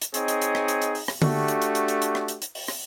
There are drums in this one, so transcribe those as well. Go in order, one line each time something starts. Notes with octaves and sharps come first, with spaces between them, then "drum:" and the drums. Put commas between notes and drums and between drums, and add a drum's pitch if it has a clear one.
drum: hi-hat
C4 D#4 G#4 C#5 D#5, drum: hi-hat
drum: hi-hat
drum: hi-hat
drum: rim click
drum: hi-hat
drum: hi-hat
drum: open hi-hat
drum: rim click
A3 D4 F#4 G4, drum: tom D3
drum: hi-hat
drum: hi-hat
drum: hi-hat
drum: hi-hat
drum: hi-hat
drum: rim click
drum: hi-hat
drum: hi-hat
drum: open hi-hat
drum: rim click